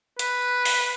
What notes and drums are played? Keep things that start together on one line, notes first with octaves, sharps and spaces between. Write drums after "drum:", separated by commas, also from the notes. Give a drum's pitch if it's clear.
B4, drum: hi-hat
drum: open hi-hat